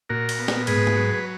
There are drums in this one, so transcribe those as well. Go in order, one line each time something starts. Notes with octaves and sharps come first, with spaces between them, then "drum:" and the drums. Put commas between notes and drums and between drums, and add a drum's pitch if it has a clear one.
A#2 F#4 A#4
drum: cymbal
B3
drum: snare
G#2 G#4 B4, drum: cymbal
drum: tom
F#3
B4